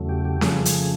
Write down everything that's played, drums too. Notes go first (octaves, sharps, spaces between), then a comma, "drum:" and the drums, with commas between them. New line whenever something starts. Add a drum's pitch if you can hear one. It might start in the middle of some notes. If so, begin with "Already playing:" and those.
Already playing: E2 C#3 F#3 A3
G4
G4
F2 C#3 F3 A3 G#4, drum: snare C#4
drum: hi-hat